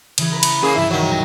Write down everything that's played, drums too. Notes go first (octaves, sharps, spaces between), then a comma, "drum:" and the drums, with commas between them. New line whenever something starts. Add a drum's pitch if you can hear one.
C#3 E3 G#4, drum: cymbal
A#4 B4 B5
drum: cymbal
C#3 A#3 G#4
C2 G2 F3 E4
D#3 F#3
B1 A#6